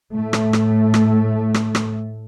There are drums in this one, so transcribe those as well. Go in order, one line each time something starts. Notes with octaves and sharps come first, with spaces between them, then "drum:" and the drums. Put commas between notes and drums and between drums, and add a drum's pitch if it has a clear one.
A2 A3
drum: rim click
drum: rim click
drum: rim click
drum: rim click
drum: rim click